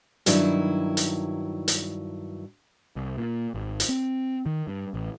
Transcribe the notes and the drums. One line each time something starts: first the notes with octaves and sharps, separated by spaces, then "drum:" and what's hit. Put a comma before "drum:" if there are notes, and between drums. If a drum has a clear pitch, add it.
G2 D#3 F#3 E4, drum: hi-hat
drum: hi-hat
drum: hi-hat
C2
A#2
G#1
drum: hi-hat
C4
D#3
G2
A1